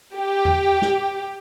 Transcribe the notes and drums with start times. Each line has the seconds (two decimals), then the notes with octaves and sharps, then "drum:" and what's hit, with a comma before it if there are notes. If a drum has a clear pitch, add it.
0.17 G4
0.45 drum: tom E2
0.82 drum: snare